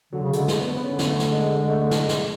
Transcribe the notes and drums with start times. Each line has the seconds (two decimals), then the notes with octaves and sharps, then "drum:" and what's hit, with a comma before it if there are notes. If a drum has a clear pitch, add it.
0.13 D3 F#3
0.23 C#3
0.33 D3 G#3, drum: hi-hat
0.48 drum: snare
0.60 B3
0.77 B3
0.84 D3 C#4
0.99 B3, drum: snare
1.07 A3
1.20 drum: snare
1.32 G#3
1.56 G#3
1.69 A3
1.82 G#3
1.91 drum: snare
2.09 drum: snare